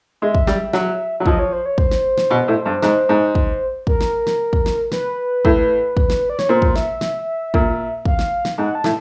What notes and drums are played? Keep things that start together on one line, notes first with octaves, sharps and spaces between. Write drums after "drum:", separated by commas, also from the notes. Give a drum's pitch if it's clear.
G#3 E5
drum: kick
G3, drum: snare
F#3, drum: snare
F#3
F3 D#5, drum: kick
C#5
C5
C#5
C5, drum: kick
drum: snare
drum: snare
B2
A2
G2
G#2, drum: snare
G#2
drum: kick
A#4, drum: kick
drum: snare
drum: snare
drum: kick
drum: snare
B4, drum: snare
A2, drum: kick
drum: kick
drum: snare
D5
C#5, drum: snare
A#2 C5
drum: kick
E5, drum: snare
drum: snare
A#2, drum: kick
F5, drum: kick
drum: snare
drum: snare
G#2 F#5
A5
A2, drum: snare